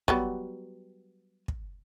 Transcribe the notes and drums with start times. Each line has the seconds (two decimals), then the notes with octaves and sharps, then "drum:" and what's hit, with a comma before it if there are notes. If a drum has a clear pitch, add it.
0.08 F#3 G3 B3, drum: kick
1.48 drum: kick